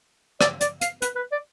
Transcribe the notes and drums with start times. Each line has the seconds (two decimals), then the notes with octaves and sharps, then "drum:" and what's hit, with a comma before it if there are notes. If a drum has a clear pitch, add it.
0.41 D5, drum: rim click
0.61 D5, drum: hi-hat
0.81 F5, drum: hi-hat
1.02 B4, drum: hi-hat
1.16 B4
1.32 D5